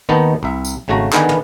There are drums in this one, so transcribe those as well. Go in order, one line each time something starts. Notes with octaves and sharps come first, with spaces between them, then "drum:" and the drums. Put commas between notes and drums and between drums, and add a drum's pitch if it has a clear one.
D#2 D#3 B3 D#4 D#5 A5
C2 E5
drum: tambourine
G#1 C#3 A3 F#4 A#5
D3 D#3 B3 G#4 B4 G#5, drum: clap
drum: tom